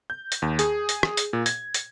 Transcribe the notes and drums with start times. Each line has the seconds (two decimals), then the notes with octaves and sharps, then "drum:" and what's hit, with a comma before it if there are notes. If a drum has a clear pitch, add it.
0.10 G6
0.32 drum: hi-hat
0.42 D#2
0.59 G#4, drum: hi-hat
0.89 drum: hi-hat
1.03 drum: rim click
1.17 drum: hi-hat
1.33 A#2
1.46 G#6, drum: hi-hat
1.74 drum: hi-hat